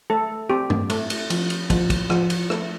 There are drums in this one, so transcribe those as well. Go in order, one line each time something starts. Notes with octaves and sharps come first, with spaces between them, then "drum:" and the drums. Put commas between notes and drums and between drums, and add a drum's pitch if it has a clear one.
A3 A4
C4 G4
drum: tom
A3, drum: cymbal
drum: cymbal
F3, drum: cymbal
drum: cymbal
F3, drum: kick, cymbal
drum: kick, cymbal
F3, drum: rim click
drum: cymbal
A3, drum: rim click